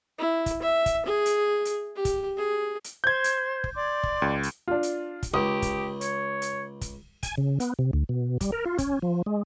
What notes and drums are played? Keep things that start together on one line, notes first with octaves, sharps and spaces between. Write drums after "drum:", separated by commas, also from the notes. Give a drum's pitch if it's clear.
E4
drum: kick, hi-hat
E5
drum: kick, hi-hat
G#4
drum: hi-hat
drum: hi-hat
G4
drum: kick, hi-hat
G#4
drum: hi-hat
C5 G6 G#6
drum: hi-hat
drum: kick
D5 C6 D6
drum: kick
C#2
drum: hi-hat
D4 F4
drum: hi-hat
drum: kick, hi-hat
C#2 G4 D#6
drum: kick, hi-hat
C#5, drum: hi-hat
drum: hi-hat
drum: kick, hi-hat
G#5, drum: kick, hi-hat
C#3
B3, drum: hi-hat
C3
D2
B2
G3, drum: kick, hi-hat
A#4
F4
C#4, drum: kick, hi-hat
F3
G#3